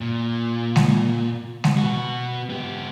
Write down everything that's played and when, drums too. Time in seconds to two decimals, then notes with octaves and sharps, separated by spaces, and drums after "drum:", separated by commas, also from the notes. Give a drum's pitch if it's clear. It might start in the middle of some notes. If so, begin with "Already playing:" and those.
0.01 A#2
0.76 drum: snare G#3
1.64 drum: snare G#3
1.77 B3 F#4
2.50 B3 G4